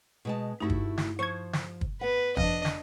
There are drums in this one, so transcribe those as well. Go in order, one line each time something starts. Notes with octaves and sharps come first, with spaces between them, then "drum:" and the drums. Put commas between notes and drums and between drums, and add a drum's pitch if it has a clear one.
B2 G#3 A5
G2 A3 D#4 E4 F#4
drum: kick
drum: snare
F3 C5 C#6 G#6
drum: snare
drum: kick
B3 B4 F#5
F2 D4 D#5, drum: kick
drum: snare